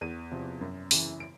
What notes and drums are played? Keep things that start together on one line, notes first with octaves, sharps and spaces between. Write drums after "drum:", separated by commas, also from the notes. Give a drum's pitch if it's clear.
E2 D#7
C3 F3
F#2
C#3 E3, drum: open hi-hat
D7